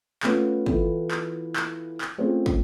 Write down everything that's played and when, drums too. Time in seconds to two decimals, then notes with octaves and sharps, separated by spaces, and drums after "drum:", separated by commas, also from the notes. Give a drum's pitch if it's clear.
0.23 A3 B3 C#4 F4, drum: clap
0.66 E3 B3 E4 F4 A4, drum: kick
1.11 drum: clap
1.56 drum: clap
2.01 drum: clap
2.18 A3 C4 C#4 F4 G#4
2.46 drum: kick